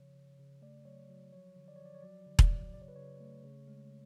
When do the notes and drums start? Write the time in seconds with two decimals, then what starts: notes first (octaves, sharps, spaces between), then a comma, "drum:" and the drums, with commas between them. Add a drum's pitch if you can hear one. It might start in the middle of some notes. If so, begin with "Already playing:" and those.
Already playing: C#3 F3 C#5
0.15 C#3
0.39 C#3
0.62 A3 D5
0.85 F#3 C#5
1.09 F#3
1.32 F3 C#5
1.56 D3
1.68 D5
1.76 C#5
1.79 F3
1.85 D5
1.94 C#5
2.02 F#3 D5
2.26 D3
2.39 D5, drum: kick E1
2.49 F#3
2.74 C#3 D5
2.82 C#5
2.88 B4
2.96 C#3 C#5
3.20 A3
3.44 C#3
3.68 G#3